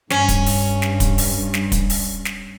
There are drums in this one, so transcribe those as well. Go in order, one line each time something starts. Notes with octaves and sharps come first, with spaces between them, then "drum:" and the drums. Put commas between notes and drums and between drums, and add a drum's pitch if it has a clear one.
G2 C#4, drum: snare
drum: kick, hi-hat
drum: open hi-hat
drum: snare
drum: kick, hi-hat
drum: open hi-hat
drum: snare
drum: kick, hi-hat
drum: open hi-hat
drum: snare